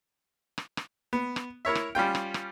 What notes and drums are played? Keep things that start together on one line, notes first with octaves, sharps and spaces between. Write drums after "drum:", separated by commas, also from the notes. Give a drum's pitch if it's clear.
drum: rim click
drum: rim click
B3
drum: rim click
E4 A#4 C#5 E5
drum: rim click
G3 C#4 F4 G5
drum: rim click
drum: rim click